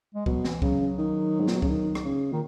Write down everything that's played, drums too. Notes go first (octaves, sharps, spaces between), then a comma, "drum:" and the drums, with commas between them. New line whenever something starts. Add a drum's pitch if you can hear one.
G#3
B2 F#3, drum: kick C2
E3, drum: snare
C#3 F#3, drum: kick C2
F#3
D#3
G#2
A#2, drum: snare
B2
C#3, drum: kick C2
D#3
drum: rim click
C#3
A#2 D#3